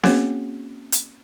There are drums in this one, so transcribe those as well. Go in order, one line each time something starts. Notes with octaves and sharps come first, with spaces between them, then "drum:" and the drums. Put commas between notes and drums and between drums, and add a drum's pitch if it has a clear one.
A#3 C4 C#4 F#4 G#4 C#5, drum: snare B3
drum: hi-hat